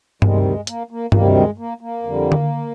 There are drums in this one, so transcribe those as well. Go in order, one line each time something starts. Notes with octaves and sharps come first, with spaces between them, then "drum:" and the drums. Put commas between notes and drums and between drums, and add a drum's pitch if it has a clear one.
D2 C3 D#3 G3 G#3, drum: tom G2
G#3
A#3, drum: hi-hat
A#3
D2 C3 D#3 G3 A#3, drum: tom G2
G#3
A#3
A#3
F2 D3 G3
drum: tom D3